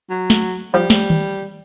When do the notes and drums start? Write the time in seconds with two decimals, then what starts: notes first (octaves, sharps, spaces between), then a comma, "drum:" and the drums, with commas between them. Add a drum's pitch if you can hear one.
0.10 F#3
0.30 drum: snare
0.74 F3 G3
0.90 drum: snare
1.10 drum: tom